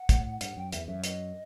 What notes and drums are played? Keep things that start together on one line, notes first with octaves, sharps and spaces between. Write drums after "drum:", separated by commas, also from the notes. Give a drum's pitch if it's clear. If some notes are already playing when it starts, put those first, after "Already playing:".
Already playing: F#5
A2, drum: kick, hi-hat
G2 F#5, drum: hi-hat
F#2 G5
E2 E5, drum: hi-hat
F#2 E5
D#5, drum: hi-hat